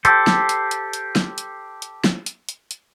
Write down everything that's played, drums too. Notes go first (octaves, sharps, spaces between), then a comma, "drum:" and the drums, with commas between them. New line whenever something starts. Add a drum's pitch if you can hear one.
G4 A4 C5, drum: hi-hat
drum: snare
drum: hi-hat
drum: hi-hat
drum: hi-hat
drum: snare
drum: hi-hat
drum: hi-hat
drum: snare
drum: hi-hat
drum: hi-hat
drum: hi-hat